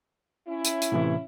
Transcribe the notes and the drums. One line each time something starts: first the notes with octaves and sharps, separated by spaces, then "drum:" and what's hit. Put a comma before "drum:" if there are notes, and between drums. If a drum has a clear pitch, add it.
C#4 E4
drum: hi-hat
drum: hi-hat
A2 C3 E3